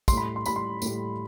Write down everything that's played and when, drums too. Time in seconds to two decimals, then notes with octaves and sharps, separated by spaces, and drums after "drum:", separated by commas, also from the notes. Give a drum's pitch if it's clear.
0.08 A2 G3 C6, drum: kick, tambourine
0.17 B5
0.36 C6
0.46 A2 G3 B5, drum: tambourine
0.56 C6
0.82 A2 G3, drum: tambourine